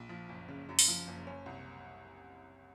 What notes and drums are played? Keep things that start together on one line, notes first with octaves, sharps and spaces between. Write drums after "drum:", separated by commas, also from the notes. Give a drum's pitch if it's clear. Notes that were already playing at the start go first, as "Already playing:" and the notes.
Already playing: A#1
F3
F#1
C#3
F#2
drum: open hi-hat
F3
F#1
C#4
C2